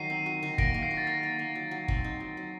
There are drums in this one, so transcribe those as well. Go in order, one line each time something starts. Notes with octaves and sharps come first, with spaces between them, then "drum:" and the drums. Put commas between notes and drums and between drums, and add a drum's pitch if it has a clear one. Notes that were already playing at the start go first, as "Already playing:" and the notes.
Already playing: D#3 F#3 F#4 C7 D#7
C4
F#4
D#3
A#3 A#6 D7, drum: kick
A#3
C7
F#4
A6
A#4 A#6
A#3
A#3
F#3
F#3
C4, drum: kick
D#4
F#3
F#3